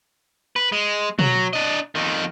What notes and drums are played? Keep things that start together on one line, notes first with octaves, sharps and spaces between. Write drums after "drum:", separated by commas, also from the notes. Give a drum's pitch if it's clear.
B4
G#3
F#3, drum: tom B2
D4 D#5
F2 D#3